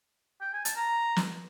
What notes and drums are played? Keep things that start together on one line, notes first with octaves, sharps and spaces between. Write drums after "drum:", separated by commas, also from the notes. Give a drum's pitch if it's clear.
G5
G#5
A5, drum: hi-hat
A#5
drum: snare